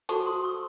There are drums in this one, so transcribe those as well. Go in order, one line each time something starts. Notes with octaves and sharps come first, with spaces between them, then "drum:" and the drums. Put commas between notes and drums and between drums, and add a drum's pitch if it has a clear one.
F#4 A4 C5 A5 C#6, drum: hi-hat
C6 D#6
C#6 E6